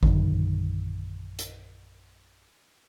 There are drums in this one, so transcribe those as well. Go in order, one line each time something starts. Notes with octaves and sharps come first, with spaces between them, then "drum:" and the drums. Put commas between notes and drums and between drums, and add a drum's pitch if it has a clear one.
A#1 F#2 D3 D#3, drum: kick G#1
drum: hi-hat